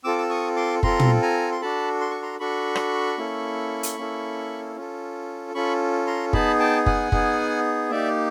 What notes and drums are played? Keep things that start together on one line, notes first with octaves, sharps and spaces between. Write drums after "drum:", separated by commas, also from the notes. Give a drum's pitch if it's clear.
C4 F4 A4 D6 E6
E6
C#6 D#6
C6 D6
C4 F4 A4 A#5 C6, drum: kick
drum: tom
G#5 A#5
C6
D4 F#4 A4 A5 B5
C6
C#6
A#5 C6
D4 F#4 A4 B5 C#6
drum: rim click
A#3 C#4 E4 A4
drum: hi-hat
A#3 C#4 E4 A4
C#4 F4 A4
C#4 F4 A4 B5 C#6
A#5 C6
B3 D#4 G#4 A5 B5, drum: kick
G5 A5
F#5 G#5, drum: kick
B3 D#4 G#4, drum: kick
A#3 D#4 G4 D5 E5